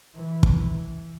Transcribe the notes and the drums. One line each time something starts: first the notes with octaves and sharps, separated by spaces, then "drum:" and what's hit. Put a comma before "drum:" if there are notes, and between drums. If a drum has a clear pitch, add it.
E3
drum: kick